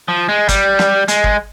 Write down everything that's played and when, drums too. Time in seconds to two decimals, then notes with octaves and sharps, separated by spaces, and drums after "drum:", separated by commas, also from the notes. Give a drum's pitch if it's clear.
0.08 F3
0.29 G#3
0.49 G3, drum: kick, hi-hat
0.79 drum: snare
1.08 G#3, drum: hi-hat
1.24 drum: kick